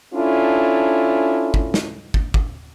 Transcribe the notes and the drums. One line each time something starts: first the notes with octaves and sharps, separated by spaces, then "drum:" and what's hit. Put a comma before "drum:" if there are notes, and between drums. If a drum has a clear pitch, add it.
C#4 D4 E4 F4 A4
drum: kick
drum: snare
drum: kick
drum: kick